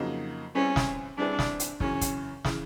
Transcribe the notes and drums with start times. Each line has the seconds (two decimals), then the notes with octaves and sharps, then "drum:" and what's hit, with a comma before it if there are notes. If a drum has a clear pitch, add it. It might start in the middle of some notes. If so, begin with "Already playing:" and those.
Already playing: F2 C#3 F#3 A#3 D#4
0.55 G3 C4 C#4 E4 G#4 B4
0.76 drum: snare
1.18 G3 C4 D4 E4 G#4 B4
1.39 drum: snare
1.60 drum: hi-hat
1.80 F#2 C#3 E3 C#4, drum: kick
2.01 drum: kick, hi-hat
2.45 C#3 E3, drum: snare